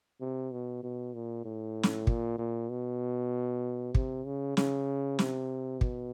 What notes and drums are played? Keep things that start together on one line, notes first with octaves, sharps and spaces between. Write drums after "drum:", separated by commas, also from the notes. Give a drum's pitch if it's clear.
C3
B2
B2
A#2
A2
drum: snare
A#2, drum: kick
A#2
B2
C3, drum: kick
C#3
C#3, drum: snare
C3, drum: snare
B2, drum: kick